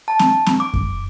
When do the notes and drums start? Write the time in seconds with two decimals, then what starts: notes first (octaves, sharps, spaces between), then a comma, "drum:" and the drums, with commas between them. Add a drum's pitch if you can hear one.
0.08 A5
0.19 drum: snare C4
0.46 drum: snare C4
0.60 D6
0.74 drum: kick F#2